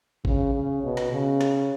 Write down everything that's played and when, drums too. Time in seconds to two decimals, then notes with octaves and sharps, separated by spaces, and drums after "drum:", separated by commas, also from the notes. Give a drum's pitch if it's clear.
0.25 C#3, drum: kick
0.53 C#3
0.83 B2
0.97 drum: snare
1.11 C#3
1.41 drum: snare